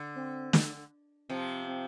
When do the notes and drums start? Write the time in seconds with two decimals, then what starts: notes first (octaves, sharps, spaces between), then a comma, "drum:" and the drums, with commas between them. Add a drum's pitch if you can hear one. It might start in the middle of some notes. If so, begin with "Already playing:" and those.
Already playing: D3
0.15 C4
0.53 drum: snare
1.29 C3 F3 C4
1.67 C4